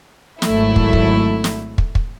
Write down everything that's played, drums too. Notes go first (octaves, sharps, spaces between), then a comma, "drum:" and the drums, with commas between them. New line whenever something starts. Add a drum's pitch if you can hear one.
G#1 F#3 A3 E4, drum: snare
drum: kick
drum: kick
drum: snare
drum: kick
drum: kick